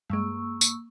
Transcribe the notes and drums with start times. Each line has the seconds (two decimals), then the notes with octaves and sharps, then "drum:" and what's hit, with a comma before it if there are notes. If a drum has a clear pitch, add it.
0.10 G2 G#3 A#3 C#6 E6
0.61 drum: tambourine